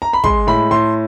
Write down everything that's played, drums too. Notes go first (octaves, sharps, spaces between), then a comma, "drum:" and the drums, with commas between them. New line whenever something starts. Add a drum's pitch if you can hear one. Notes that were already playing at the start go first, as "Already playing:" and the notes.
A#5
B5
G#3 C6, drum: kick
A2 B5
A2 C6